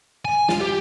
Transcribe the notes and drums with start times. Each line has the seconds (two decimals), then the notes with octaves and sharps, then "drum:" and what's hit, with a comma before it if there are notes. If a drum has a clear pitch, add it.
0.25 G#5
0.49 F4, drum: snare
0.61 G4